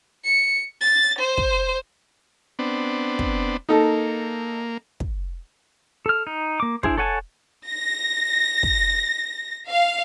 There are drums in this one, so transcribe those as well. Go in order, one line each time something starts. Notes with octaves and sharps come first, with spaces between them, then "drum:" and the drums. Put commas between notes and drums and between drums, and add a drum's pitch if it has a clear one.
C#7
A6
C5
drum: kick
B3 C4 D4
drum: kick
A#3 D#4 A4
drum: kick
A4 F6
D#4
A#3 D6
D4 E4 G#4 C5, drum: kick
A4 C#5 F#5 G#5 A5
A#6
drum: kick
F5